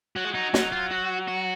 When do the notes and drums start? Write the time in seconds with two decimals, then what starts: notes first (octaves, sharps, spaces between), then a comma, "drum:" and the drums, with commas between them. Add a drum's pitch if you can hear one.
0.16 F#3 F#4
0.25 G#3
0.33 F#3 D#4
0.54 D#4, drum: snare
0.72 F4
0.91 F#4
1.28 F#4